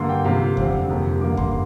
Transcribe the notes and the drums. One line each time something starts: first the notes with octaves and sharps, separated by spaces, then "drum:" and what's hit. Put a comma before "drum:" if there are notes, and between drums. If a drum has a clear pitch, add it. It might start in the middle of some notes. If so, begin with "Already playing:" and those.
Already playing: G2 D3 A#3 C6
G5
C3 F3 A#3 F5
F2 D3 G3 C4, drum: kick D#2
F2 C3 A#3
G2 D3 A#3 D6
C6, drum: kick D#2